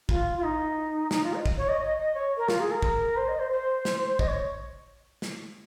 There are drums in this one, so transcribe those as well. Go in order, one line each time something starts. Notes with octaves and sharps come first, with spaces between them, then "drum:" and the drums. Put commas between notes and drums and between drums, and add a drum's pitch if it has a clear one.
F4, drum: kick
F4
D#4
D#4, drum: snare
F4
D#5
drum: kick
C#5
D#5
D#5
D#5
C#5
A#4
F4, drum: snare
G#4
A#4
drum: kick
C5
D#5
C5
C5
drum: snare
D#5, drum: kick
C#5
drum: snare